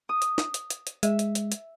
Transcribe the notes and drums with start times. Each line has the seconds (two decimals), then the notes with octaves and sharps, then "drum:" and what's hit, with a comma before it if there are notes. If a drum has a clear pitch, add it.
0.09 D#6
0.22 drum: hi-hat
0.38 drum: snare
0.54 drum: hi-hat
0.70 drum: hi-hat
0.87 drum: hi-hat
1.03 G#3 E5, drum: hi-hat
1.19 drum: hi-hat
1.35 drum: hi-hat
1.52 drum: hi-hat